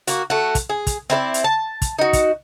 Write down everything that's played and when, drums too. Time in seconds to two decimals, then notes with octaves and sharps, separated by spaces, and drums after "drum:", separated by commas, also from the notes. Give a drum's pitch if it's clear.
0.07 A#3 F#4, drum: hi-hat
0.30 A3 F#4
0.55 drum: kick, hi-hat
0.69 G#4
0.87 drum: kick, hi-hat
1.10 C4 E4 A#4 D5
1.34 drum: hi-hat
1.44 A5
1.82 drum: kick, hi-hat
1.98 D#4 F#4
2.13 drum: kick, hi-hat